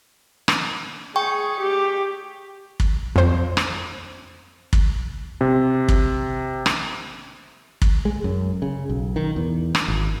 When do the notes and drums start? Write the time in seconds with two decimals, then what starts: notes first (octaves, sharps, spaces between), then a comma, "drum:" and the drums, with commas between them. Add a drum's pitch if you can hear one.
0.48 drum: rim click
1.16 G#4 G5 C#6
1.61 G4
2.80 drum: kick
3.16 F2 C5
3.57 drum: rim click
4.73 drum: kick
5.41 C3
5.89 drum: kick
6.66 drum: rim click
7.82 drum: kick
8.05 G#3
8.24 F#2
8.62 C#3
8.89 B1
9.16 D#3
9.36 E2
9.75 drum: rim click
9.88 G#1